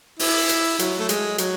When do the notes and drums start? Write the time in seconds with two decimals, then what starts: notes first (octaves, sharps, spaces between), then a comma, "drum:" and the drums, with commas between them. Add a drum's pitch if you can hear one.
0.19 E4, drum: open hi-hat
0.49 drum: hi-hat
0.79 F#3, drum: hi-hat
1.00 A3
1.09 G#3, drum: hi-hat
1.38 F#3, drum: hi-hat